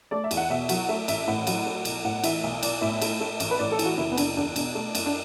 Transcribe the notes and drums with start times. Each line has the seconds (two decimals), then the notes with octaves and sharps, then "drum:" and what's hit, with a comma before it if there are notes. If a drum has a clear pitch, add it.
0.11 A3 D5
0.24 E5
0.31 E2, drum: cymbal
0.37 F#5
0.50 B2 E5
0.69 F#3 F#5, drum: cymbal
0.89 A3 E5
1.08 A1 E5, drum: cymbal
1.28 A2 F#5
1.47 F#3 F#5, drum: cymbal
1.66 A3
1.85 B1, drum: cymbal
2.04 A2 F#5
2.24 E3 E5, drum: cymbal
2.43 B1
2.63 B1 D5, drum: cymbal
2.81 A2 E5
3.02 A3, drum: cymbal
3.20 A3
3.40 A1, drum: cymbal
3.51 B4
3.59 A2 D5
3.72 A4
3.79 E3, drum: cymbal
3.85 F#4
3.98 F#1 E4
4.12 B3
4.17 F#1 D4, drum: cymbal
4.36 E2 D4
4.56 B2 D4, drum: cymbal
4.75 A3
4.95 F#2, drum: cymbal
5.06 D4